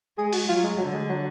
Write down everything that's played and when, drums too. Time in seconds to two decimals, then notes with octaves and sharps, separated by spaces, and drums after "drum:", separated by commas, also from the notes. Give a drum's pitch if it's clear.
0.18 G#3 G#4
0.33 F#4, drum: open hi-hat
0.48 F#3 F4
0.63 G#3
0.78 D3 F#3
0.93 G#3
1.09 F#3